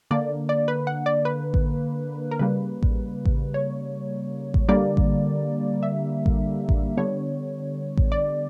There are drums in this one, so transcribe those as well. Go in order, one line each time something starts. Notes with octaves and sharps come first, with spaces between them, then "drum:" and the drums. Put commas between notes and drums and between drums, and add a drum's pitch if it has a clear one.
D3 A#3 D5
D5
B4
F#5
D5
B4
drum: kick A1
A#4
C#3 G3 A#3 B4
drum: kick A1
drum: kick A1
C#5
drum: kick A1
D3 G3 A#3 D5
drum: kick A1
E5
drum: kick A1
drum: kick A1
D3 G3 B3 C#5
drum: kick A1
D5